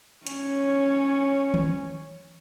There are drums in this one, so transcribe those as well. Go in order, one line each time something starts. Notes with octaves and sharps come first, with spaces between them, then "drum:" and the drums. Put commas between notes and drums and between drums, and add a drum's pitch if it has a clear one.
C#4 C#5, drum: hi-hat
drum: tom D#3